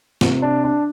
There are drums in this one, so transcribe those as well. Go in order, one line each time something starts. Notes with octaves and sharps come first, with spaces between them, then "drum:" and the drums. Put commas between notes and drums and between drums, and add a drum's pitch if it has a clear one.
C3, drum: snare
D4
D4